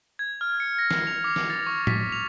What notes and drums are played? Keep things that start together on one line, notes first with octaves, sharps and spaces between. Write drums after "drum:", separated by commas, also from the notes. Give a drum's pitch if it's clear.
G#6
F6
C#7
A#6
C7, drum: snare
F7
D6
drum: snare
A6
C#6
B6, drum: tom
F7